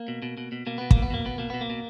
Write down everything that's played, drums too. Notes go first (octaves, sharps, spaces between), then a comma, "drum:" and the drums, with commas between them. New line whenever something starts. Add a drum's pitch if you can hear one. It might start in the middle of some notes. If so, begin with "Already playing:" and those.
Already playing: A#3
B2
B2
B2
B2
B2 A#3
B2 B3
A#3, drum: kick
B2
B3
B2 A#3
B2 B3
B2 A#3
B2 B3
A#3
B2